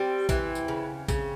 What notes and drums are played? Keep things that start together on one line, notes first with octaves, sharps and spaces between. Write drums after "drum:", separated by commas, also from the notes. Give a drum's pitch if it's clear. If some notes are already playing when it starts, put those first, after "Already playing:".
Already playing: G3 C4
E3, drum: kick, tambourine
drum: tambourine
C#3
C#3, drum: kick, tambourine